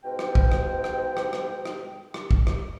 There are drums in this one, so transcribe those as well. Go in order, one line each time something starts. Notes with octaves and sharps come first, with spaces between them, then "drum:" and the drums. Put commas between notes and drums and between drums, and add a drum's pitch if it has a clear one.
G#2 B2 G5
drum: rim click
drum: kick
drum: rim click
drum: rim click
drum: rim click
drum: rim click
drum: rim click
drum: rim click
drum: kick
drum: rim click